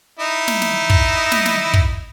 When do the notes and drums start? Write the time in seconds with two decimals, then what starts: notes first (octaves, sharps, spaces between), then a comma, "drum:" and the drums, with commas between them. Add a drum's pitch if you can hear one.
0.20 D#4 E4 D#5
0.48 drum: snare
0.62 drum: snare
0.90 drum: kick
1.32 drum: snare
1.46 drum: snare
1.74 drum: kick